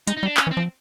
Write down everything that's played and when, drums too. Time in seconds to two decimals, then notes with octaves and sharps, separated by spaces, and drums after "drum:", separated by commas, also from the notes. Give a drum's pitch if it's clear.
0.07 G#3 D#4, drum: hi-hat
0.17 D#4
0.23 G3
0.27 D4
0.37 C#4, drum: clap
0.47 E3
0.51 C4
0.57 F3